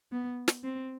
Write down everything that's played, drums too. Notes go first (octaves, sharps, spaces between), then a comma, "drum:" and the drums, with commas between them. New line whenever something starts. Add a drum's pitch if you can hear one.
B3
drum: snare
C4